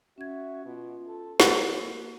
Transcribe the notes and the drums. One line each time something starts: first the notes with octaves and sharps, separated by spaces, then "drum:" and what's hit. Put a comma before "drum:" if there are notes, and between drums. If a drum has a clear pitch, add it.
C#4 F#4 E5 G#6
B2 F4
A4
F#4 G#4 A#4, drum: snare
A#3